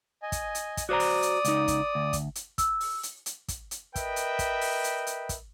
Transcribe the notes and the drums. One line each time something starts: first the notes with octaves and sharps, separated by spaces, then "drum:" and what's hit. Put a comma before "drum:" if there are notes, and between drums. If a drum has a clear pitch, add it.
D#5 G#5
drum: kick, hi-hat
drum: hi-hat
drum: kick, hi-hat
F#4 C5 D5 A#5 D#6
drum: open hi-hat
drum: hi-hat
C#2 D#4, drum: hi-hat
drum: kick, hi-hat
D2
drum: kick, hi-hat
drum: hi-hat
E6, drum: kick, hi-hat
drum: open hi-hat
drum: hi-hat
drum: hi-hat
drum: kick, hi-hat
drum: hi-hat
A#4 B4 D#5 E5 G5, drum: kick, hi-hat
drum: hi-hat
drum: kick, hi-hat
drum: open hi-hat
drum: hi-hat
drum: hi-hat
drum: kick, hi-hat